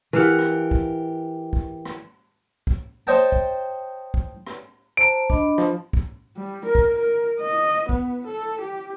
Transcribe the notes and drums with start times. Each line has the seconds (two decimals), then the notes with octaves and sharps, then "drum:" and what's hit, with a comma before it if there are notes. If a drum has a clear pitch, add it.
0.13 E3 G4 A#4 F5 F#5
0.39 drum: rim click
0.71 drum: kick
1.53 drum: kick
1.85 drum: rim click
2.67 drum: kick
3.07 C5 C#5 D#5 G5 A5
3.32 drum: kick
4.14 drum: kick
4.47 drum: rim click
4.97 C5 A5 A#5 D7
5.30 D4 D#5 B5, drum: kick
5.58 F3, drum: rim click
5.93 drum: kick
6.37 G3
6.65 A#4
6.75 drum: kick
6.99 A#4
7.41 D#5
7.89 B3, drum: kick
8.27 A4
8.61 G4